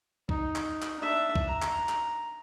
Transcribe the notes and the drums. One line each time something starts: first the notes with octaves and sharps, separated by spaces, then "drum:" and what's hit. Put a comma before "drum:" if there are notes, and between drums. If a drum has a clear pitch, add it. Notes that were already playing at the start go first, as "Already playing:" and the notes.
D#4, drum: kick C2
drum: clap
drum: clap
D4 E5
drum: kick C2
A#5
drum: clap
drum: clap